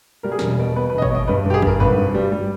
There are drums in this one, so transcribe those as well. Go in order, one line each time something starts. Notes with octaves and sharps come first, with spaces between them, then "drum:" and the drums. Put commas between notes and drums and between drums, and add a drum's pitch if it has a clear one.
G3 A#4
G#4
E1 A#4, drum: snare
B2
B2 B4
B4
E1 D#5
C#5, drum: kick
B2 D#5
G2 B4
G2 G4
G#4
G2 A#4, drum: kick
G#1 B4
G2
G3
G3